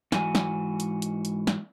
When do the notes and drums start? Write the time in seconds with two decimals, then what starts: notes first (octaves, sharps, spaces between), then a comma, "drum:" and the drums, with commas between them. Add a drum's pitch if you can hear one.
0.12 G#2 E3 F#4 G#5, drum: snare
0.35 drum: snare
0.80 drum: hi-hat
1.02 drum: hi-hat
1.25 drum: hi-hat
1.47 drum: snare